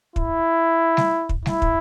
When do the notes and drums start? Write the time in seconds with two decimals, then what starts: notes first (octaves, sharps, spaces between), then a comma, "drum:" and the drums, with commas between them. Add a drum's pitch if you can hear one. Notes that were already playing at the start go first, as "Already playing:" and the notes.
0.16 E4, drum: kick
0.97 drum: snare G3
1.29 drum: kick
1.46 E4, drum: snare G3
1.62 drum: kick